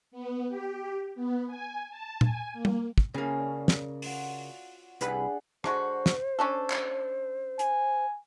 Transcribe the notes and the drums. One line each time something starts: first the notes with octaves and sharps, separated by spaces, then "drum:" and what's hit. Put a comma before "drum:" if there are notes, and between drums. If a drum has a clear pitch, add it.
B3
G4
B3
G#5
A5
G#5, drum: tom A#2
A#3
drum: tom
drum: kick
C#3 A#3 C#4
D5
drum: snare
F4 F#4, drum: open hi-hat
C2 D4 G#4 B4 F#5 B5, drum: hi-hat
D3 G#3 F#4 C5, drum: rim click
drum: snare
C#4 D4 A4
drum: clap
G#5, drum: hi-hat